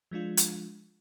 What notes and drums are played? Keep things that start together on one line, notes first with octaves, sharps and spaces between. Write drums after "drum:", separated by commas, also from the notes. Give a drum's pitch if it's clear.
F3 G#3 D4 F4
drum: hi-hat